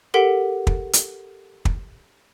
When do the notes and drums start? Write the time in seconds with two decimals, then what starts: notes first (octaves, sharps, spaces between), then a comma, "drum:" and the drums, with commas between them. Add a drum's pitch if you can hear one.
0.14 G4 A4 A#4 F#5 B6 D7
0.67 drum: kick
0.93 drum: hi-hat
1.65 drum: kick